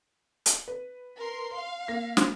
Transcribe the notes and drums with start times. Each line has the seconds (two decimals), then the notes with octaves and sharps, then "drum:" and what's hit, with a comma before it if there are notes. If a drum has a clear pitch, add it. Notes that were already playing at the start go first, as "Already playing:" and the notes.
0.46 drum: hi-hat
0.68 B4
1.17 A#4 C6
1.54 F5
1.88 A#3 A#6
2.17 drum: snare